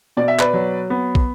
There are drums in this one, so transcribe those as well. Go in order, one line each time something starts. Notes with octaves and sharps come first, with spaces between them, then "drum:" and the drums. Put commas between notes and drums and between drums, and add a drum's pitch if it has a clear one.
B2 D5
E5
B4 D5, drum: clap
F#3
B3
drum: kick